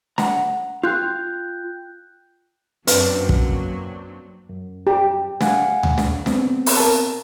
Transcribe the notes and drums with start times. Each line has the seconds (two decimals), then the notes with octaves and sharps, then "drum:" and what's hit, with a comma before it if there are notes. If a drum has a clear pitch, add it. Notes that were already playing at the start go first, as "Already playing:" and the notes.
0.18 F#5 A#5, drum: snare
0.83 F4 G5 F#6 G6
2.87 F#2 F#3 A#3 C4 D4 B4, drum: hi-hat
3.29 drum: kick
4.49 F#2
4.87 G4
5.41 F5 F#5 G#5, drum: snare
5.83 drum: tom D2
5.98 drum: snare
6.26 B3 C4, drum: snare
6.66 drum: open hi-hat
6.77 A#4 A5